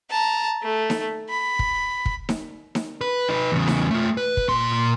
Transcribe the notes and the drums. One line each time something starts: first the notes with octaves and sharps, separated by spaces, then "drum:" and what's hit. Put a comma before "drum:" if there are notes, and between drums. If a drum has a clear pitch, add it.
A5 A#5
A3
drum: snare D#4
B5
drum: kick
drum: kick
drum: snare D#4
drum: snare D#4
B4
D#4 B4
E2 C#3
drum: snare D#4
A3 F4
B4
drum: kick
A#2 C6